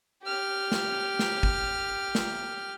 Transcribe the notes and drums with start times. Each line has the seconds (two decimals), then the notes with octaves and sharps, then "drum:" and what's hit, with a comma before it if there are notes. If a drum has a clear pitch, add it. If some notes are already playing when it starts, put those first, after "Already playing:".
0.24 G4 F6
0.72 drum: snare
1.19 drum: snare
1.43 drum: kick G1
2.15 drum: snare